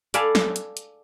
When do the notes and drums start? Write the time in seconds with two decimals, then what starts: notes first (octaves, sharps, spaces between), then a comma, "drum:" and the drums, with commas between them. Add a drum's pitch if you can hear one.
0.14 A4 D5 F5 G#5 A5 B5, drum: hi-hat
0.35 drum: snare
0.56 drum: hi-hat
0.77 drum: hi-hat